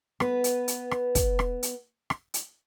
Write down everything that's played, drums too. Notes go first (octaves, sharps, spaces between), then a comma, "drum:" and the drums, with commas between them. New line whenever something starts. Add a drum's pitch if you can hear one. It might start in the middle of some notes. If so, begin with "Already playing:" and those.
B3 B4, drum: rim click
drum: hi-hat
drum: hi-hat
drum: rim click
drum: kick, hi-hat
drum: rim click
drum: hi-hat
drum: rim click
drum: hi-hat